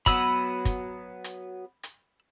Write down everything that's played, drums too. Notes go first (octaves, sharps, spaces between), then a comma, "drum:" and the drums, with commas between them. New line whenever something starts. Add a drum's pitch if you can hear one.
F#3 B3 B5 E6, drum: kick, hi-hat
drum: kick, hi-hat
drum: hi-hat
drum: hi-hat